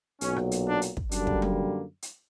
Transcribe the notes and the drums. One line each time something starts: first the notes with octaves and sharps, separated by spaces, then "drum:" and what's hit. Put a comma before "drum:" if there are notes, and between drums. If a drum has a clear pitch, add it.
B1 A#2 F#3 C#4, drum: hi-hat
drum: rim click
drum: hi-hat
D4
drum: hi-hat
drum: kick
F#2 D3 G3 A#3 D4, drum: hi-hat
drum: kick
drum: tom F#3
drum: hi-hat